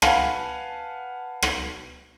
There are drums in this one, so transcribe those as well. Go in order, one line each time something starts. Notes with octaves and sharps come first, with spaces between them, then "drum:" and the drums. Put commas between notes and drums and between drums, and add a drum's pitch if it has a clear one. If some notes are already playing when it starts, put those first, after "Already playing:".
B4 F5 F#5 G#5 A5, drum: rim click
drum: rim click